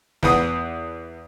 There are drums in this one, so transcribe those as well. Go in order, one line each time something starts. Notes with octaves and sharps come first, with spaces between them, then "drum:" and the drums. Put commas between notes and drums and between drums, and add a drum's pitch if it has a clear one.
E2 B3 D#6, drum: snare